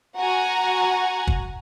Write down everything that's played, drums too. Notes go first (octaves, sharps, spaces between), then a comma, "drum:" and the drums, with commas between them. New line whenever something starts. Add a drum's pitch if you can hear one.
F#4 F#5 G#5 A#5
drum: kick